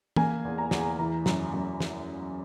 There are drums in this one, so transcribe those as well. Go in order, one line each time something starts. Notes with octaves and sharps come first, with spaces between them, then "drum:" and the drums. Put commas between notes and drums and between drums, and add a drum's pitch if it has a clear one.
A#3 G#5, drum: tom
E2
A#5
E2, drum: snare
E3 A#5
F#2, drum: snare
F#2
drum: snare